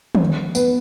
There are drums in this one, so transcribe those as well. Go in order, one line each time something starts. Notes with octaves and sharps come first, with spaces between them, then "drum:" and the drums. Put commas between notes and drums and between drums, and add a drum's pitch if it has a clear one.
drum: tom
B3, drum: tambourine